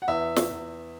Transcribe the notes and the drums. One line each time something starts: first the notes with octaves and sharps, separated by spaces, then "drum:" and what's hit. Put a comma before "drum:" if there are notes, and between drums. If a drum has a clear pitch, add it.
F#5
E2 E5
drum: snare
E2